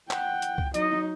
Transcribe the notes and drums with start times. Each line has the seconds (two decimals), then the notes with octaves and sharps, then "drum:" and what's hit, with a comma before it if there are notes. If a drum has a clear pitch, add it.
0.11 F#5 G5, drum: clap
0.42 drum: hi-hat
0.58 drum: kick C2
0.74 F#3 D#4 D#5, drum: hi-hat